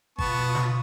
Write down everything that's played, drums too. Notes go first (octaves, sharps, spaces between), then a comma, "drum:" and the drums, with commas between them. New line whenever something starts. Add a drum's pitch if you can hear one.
B2 B3 F4 A5 C#6 D#6, drum: kick G#1
drum: snare